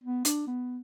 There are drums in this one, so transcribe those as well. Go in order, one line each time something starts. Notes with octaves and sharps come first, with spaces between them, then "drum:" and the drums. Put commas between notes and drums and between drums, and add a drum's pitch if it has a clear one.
B3
D4, drum: hi-hat
B3